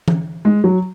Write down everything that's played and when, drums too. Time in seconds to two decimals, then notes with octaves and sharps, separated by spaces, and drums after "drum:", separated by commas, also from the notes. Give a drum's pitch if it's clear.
0.08 drum: tom E3
0.45 G#3
0.64 F#3